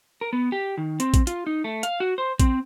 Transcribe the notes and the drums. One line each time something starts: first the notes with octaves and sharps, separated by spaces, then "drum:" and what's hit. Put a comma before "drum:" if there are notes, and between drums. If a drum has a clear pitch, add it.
A#4
B3
G4
D#3
C4, drum: hi-hat
drum: kick A1, hi-hat
F4, drum: hi-hat
D#4
A3
F5, drum: hi-hat
F#4
C5
C4, drum: kick A1, hi-hat